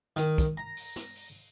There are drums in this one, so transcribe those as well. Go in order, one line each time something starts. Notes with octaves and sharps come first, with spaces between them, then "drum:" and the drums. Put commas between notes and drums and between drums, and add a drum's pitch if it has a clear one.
D#3, drum: snare
drum: kick, hi-hat
A#5
drum: open hi-hat
drum: snare
drum: open hi-hat